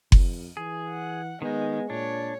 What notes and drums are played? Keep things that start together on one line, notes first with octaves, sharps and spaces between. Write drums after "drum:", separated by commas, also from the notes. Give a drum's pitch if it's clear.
F2, drum: kick F#1
E3 G#4
F#5
D#3 G#3 B3 D#4
A#2 D4 C#5